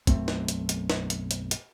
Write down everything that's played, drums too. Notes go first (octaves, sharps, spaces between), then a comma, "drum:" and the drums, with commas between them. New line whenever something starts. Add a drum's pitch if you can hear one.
B1 F#2 A3 C4, drum: kick, hi-hat
drum: snare
drum: hi-hat
drum: hi-hat
drum: snare
drum: hi-hat
drum: hi-hat
drum: hi-hat